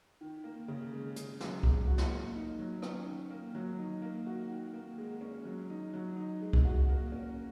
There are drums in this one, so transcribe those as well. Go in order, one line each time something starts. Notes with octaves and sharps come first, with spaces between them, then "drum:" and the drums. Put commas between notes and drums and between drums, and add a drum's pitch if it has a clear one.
D#3
A#3
C#3
G#3
C#3, drum: hi-hat
F#3, drum: snare
G#3, drum: kick C2
F#4
drum: snare
A#3
D#4
F#3
C#4, drum: rim click
D#3
A#3
F#3
D#4
A#3
F#4
D#3
A#3
G#3
C#4
F#3
D#4
F#3
D#4
G#3
drum: kick C2
F#4
A#3
C#4